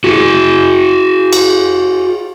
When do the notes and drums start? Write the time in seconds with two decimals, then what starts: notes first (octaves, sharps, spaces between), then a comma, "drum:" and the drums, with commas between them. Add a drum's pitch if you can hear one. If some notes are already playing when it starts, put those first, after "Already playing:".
0.04 F#4 G#4
1.33 drum: cymbal